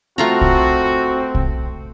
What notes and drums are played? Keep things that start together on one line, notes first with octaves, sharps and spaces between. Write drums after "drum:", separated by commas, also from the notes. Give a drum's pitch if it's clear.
A3 C4 F4 F#4 A#5
drum: kick
drum: kick